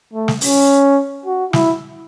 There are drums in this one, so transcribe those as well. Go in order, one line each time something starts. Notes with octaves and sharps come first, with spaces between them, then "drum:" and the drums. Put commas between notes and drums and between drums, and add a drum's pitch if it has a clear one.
A3
drum: snare
C#4, drum: open hi-hat
F#4
E4, drum: snare